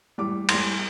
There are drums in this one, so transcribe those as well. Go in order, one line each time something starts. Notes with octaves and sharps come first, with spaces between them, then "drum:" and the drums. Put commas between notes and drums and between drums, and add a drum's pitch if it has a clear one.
A2 E3 G3 D6
A2 E3 G3 C6, drum: cymbal